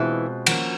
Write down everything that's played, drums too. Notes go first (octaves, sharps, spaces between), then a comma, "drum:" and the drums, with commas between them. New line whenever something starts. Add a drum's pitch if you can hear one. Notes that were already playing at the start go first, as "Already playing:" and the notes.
Already playing: B2 E3 G#3 C4 F4
F3 A#3 C#4 F#4, drum: cymbal